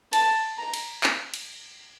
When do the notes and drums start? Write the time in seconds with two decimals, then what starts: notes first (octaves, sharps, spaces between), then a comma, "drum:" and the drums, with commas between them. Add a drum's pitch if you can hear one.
0.13 A5, drum: cymbal
0.59 A#5
0.74 drum: cymbal
1.04 drum: clap
1.34 drum: cymbal